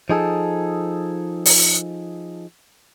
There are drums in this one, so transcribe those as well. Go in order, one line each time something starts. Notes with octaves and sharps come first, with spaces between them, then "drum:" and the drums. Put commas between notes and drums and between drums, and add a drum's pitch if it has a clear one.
F3 D#4 G#4 A4
drum: open hi-hat